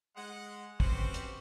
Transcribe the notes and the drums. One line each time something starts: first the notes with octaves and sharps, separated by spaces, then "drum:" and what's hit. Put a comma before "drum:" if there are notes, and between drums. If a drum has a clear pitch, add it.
G#3 F#5
C4 C#4 F#4 G4 B4 C5, drum: kick
drum: hi-hat